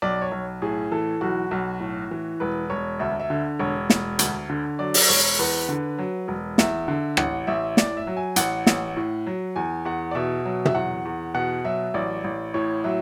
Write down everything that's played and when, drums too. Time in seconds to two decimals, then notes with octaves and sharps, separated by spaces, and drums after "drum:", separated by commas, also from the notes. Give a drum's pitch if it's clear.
0.02 B1 D5
0.22 C#5
0.32 B1
0.62 A2 G#4
0.92 E3 A4
1.21 B1 F#4
1.51 B1
1.80 A2
2.11 E3
2.40 E1 B4
2.70 E1 C#5
2.99 D2 E5
3.20 E5
3.30 D3
3.59 E1 C#5
3.90 E1, drum: snare
4.19 D2, drum: hi-hat
4.50 D3
4.79 F#3 D5
4.94 drum: open hi-hat
5.08 E1 C#5
5.39 E2 B4
5.69 D3
5.98 F#3
6.28 E1
6.58 E2 E5, drum: snare
6.88 D3
7.17 A1 F#5, drum: rim click
7.47 A1 E5
7.77 A2 D5, drum: snare
7.97 E5
8.07 F#3
8.17 G#5
8.36 A1 F#5, drum: hi-hat
8.67 A1, drum: snare
8.97 A2
9.27 F#3
9.56 E2 G#5
9.85 E2 F#5
10.11 D5
10.15 B2 E5
10.45 F#3
10.65 E5, drum: tom
10.75 E2 F#5
11.05 E2
11.35 B2 F#5
11.64 F#3 E5
11.94 A1 D5
12.24 A1
12.54 A2 C#5
12.84 F#3 E5